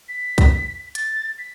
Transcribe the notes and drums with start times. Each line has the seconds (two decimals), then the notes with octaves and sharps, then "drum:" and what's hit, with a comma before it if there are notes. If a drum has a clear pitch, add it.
0.09 B6
0.38 drum: kick, hi-hat
0.95 A6, drum: hi-hat
1.39 B6